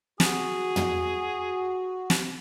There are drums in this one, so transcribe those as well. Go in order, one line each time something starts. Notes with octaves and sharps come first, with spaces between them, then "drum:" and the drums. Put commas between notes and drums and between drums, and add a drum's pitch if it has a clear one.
F#4 G#4, drum: snare
drum: tom
drum: snare